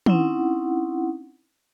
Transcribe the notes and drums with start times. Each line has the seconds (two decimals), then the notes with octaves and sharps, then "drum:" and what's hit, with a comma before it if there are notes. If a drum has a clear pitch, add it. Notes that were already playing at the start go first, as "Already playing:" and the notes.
0.06 C4 C#4 D#4 E4 F#5, drum: tom